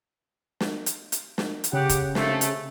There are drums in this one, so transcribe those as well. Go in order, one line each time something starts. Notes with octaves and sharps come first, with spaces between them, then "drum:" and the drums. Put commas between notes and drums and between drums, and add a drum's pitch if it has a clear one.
drum: snare
drum: hi-hat
drum: hi-hat
drum: snare
drum: hi-hat
C#3 G4 F#5
drum: kick, hi-hat
C3 A3, drum: snare
drum: hi-hat